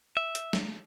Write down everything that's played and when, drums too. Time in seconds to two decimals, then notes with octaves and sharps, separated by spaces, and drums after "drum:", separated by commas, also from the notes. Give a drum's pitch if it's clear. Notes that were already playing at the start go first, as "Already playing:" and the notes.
0.17 E5
0.35 drum: hi-hat
0.53 drum: snare